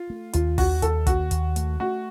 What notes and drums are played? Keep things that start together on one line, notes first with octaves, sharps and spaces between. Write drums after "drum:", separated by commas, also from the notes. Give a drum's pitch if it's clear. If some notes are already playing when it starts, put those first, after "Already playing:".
Already playing: F4
A3
D#2 F4, drum: hi-hat
D#3 F#4, drum: kick, open hi-hat
D#2 A4, drum: hi-hat
D#2 F#4, drum: kick, hi-hat
D#2, drum: hi-hat
A3, drum: hi-hat
A3 F#4